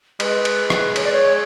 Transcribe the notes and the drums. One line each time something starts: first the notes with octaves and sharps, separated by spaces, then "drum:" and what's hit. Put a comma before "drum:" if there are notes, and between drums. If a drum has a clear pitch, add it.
G#3 B4, drum: cymbal
drum: cymbal
drum: rim click
C#5, drum: cymbal
D5
C#5